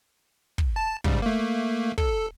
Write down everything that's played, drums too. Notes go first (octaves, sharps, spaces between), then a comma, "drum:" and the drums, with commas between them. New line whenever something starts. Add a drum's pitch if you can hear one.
drum: kick
A5
G#2 C#3 G3, drum: kick
A3 A#3
A4, drum: kick